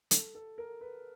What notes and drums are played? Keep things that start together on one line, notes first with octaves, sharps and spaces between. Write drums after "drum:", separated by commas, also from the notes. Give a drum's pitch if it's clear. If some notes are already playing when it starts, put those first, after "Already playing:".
A4, drum: hi-hat
A4
A#4
B4